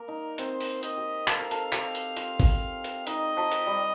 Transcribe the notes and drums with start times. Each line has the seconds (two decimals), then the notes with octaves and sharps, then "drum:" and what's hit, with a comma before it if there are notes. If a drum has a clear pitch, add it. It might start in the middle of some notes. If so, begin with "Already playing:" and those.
Already playing: A#3 A#4
0.08 D#4
0.38 C4 C5, drum: hi-hat
0.61 drum: open hi-hat
0.83 D#5, drum: hi-hat
0.97 G4
1.28 A4 F5, drum: clap
1.39 A#4
1.51 A4, drum: hi-hat
1.73 G4, drum: clap
1.95 drum: hi-hat
2.17 F4, drum: hi-hat
2.40 drum: kick G#1, open hi-hat
2.84 drum: hi-hat
3.07 D#4 D#5, drum: hi-hat
3.37 F3
3.52 drum: hi-hat
3.66 G3